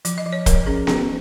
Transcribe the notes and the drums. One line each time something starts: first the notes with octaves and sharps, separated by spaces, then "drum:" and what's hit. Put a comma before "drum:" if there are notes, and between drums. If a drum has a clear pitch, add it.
F3, drum: hi-hat
D#5
F3
C#5
F3 A#4, drum: kick, hi-hat
C#4 G#4
C#4, drum: snare B3